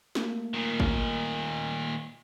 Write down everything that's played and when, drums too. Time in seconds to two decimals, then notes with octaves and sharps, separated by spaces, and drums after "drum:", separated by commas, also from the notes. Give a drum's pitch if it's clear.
0.15 A3 A#3, drum: snare
0.54 A#2 D#3
0.80 drum: kick